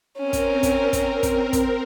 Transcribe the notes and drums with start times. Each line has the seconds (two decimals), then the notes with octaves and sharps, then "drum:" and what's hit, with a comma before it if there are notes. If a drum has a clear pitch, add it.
0.18 C4 C#4 A#4
0.33 drum: kick, hi-hat
0.63 drum: kick, hi-hat
0.93 drum: kick, hi-hat
1.23 drum: kick, hi-hat
1.53 drum: kick, hi-hat